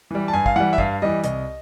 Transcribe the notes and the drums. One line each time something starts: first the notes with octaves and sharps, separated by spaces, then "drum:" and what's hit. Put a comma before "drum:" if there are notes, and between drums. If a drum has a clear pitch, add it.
E3 G3
A5
G2 G#5
F5, drum: kick
E3 G3 F#5
E5
G2 F5, drum: kick
E3 G3 D#5
C2 D#5, drum: hi-hat